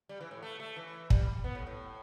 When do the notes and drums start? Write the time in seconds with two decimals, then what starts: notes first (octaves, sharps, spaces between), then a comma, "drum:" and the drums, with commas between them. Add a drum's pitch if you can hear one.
0.09 G3
0.20 E3
0.31 A2
0.42 A3
0.60 A3
0.76 E3
1.10 G3, drum: kick
1.44 B3
1.55 A2
1.67 A2